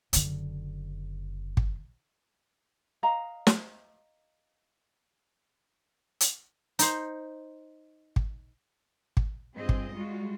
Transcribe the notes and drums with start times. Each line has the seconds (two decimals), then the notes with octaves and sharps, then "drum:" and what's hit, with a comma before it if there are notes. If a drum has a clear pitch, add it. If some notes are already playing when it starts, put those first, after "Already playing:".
0.13 F#1 D3, drum: hi-hat
1.57 drum: kick
3.03 D#5 F5 A#5
3.47 drum: snare
6.20 drum: hi-hat
6.79 D#4 C5, drum: hi-hat
8.16 drum: kick
9.17 drum: kick
9.54 G2 C4 F4 G#4 D#5
9.69 drum: kick
9.92 G3 G#3 F4 F#4